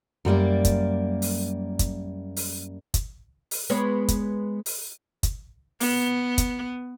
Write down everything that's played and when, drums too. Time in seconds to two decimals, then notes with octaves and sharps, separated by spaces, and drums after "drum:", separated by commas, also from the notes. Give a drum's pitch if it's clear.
0.25 F#2 G3 A#3 D5
0.65 drum: kick, hi-hat
1.22 drum: open hi-hat
1.79 drum: kick, hi-hat
2.36 drum: open hi-hat
2.94 drum: kick, hi-hat
3.51 drum: open hi-hat
3.70 G#3 B3 C#5
4.08 drum: kick, hi-hat
4.66 drum: open hi-hat
5.23 drum: kick, hi-hat
5.80 B3, drum: open hi-hat
6.38 drum: kick, hi-hat